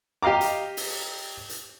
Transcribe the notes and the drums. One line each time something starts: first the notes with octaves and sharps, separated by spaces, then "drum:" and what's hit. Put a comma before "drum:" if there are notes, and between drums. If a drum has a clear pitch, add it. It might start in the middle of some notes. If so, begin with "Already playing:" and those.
G4 D#5 F5 A#5 D6
drum: hi-hat
drum: open hi-hat
drum: hi-hat